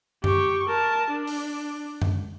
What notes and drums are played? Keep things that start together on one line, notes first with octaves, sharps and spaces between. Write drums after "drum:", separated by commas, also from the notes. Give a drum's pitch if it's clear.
G4 C#6, drum: tom F#2
A#4 A5
D4
drum: open hi-hat
drum: tom F#2